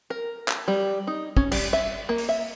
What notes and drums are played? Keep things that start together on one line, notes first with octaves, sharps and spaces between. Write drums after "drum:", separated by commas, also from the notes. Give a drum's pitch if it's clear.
A#4
drum: clap
G3
D#4
C#4, drum: kick
G3, drum: cymbal
E5
A#3
drum: open hi-hat
E5